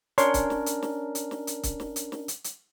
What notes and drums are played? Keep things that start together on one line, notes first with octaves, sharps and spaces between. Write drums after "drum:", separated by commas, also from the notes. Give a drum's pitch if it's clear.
C#4 D4 A#4 C#5 C6, drum: hi-hat
drum: kick C#1, hi-hat
drum: snare
drum: hi-hat
drum: snare
drum: hi-hat
drum: snare
drum: hi-hat
drum: kick C#1, hi-hat
drum: snare
drum: hi-hat
drum: snare
drum: hi-hat
drum: hi-hat